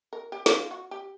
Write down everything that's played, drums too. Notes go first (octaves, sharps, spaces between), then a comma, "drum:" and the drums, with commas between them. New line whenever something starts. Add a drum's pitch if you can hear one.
A#4
G4
F#4, drum: snare
F4
F#4
G4